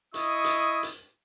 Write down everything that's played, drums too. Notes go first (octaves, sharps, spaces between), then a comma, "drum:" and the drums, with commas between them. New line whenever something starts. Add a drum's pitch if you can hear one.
E4 D#5 C#6 D#6, drum: hi-hat
drum: hi-hat
drum: hi-hat